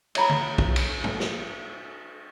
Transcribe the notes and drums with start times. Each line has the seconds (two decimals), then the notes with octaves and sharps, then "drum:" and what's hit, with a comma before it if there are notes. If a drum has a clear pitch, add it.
0.15 C#5 F#5 A#5 B5, drum: cymbal
0.30 drum: tom
0.58 drum: kick
0.76 drum: cymbal
1.04 drum: tom
1.20 drum: snare